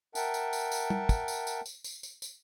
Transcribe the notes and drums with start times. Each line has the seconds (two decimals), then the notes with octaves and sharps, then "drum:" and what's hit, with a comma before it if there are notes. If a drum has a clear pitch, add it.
0.15 A#4 E5 F#5 G5 A5, drum: tambourine
0.34 drum: tambourine
0.53 drum: tambourine
0.72 drum: tambourine
0.90 drum: tom G3
1.09 drum: kick, tambourine
1.28 drum: tambourine
1.47 drum: tambourine
1.66 drum: tambourine
1.84 drum: tambourine
2.03 drum: tambourine
2.22 drum: tambourine